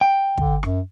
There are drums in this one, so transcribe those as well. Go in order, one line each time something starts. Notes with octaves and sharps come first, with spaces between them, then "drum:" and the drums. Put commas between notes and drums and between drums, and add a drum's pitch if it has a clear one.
G5
D3, drum: kick
F#2, drum: rim click